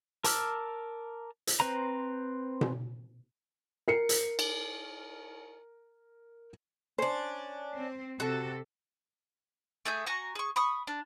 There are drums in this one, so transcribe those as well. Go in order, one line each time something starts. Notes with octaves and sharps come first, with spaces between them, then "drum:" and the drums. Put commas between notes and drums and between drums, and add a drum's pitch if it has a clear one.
A#4 A5 D6 E6 F6, drum: hi-hat
drum: hi-hat
C4 B4 C5 A#5
drum: tom B2
A#4 C7 C#7
drum: hi-hat
drum: cymbal
C#4 D4 C5
C4
C3 F#4 A4 A5
A3 G#4 E5 G6
F#4 G#5 A#5 C#6
G#4 C#6
B5 C#6 D#6
D4